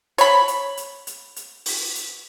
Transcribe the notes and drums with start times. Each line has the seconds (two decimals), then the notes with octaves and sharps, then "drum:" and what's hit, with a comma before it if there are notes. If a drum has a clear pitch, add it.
0.18 C#5 B5, drum: hi-hat
0.48 drum: hi-hat
0.77 drum: hi-hat
1.07 drum: hi-hat
1.36 drum: hi-hat
1.66 drum: open hi-hat
1.95 drum: hi-hat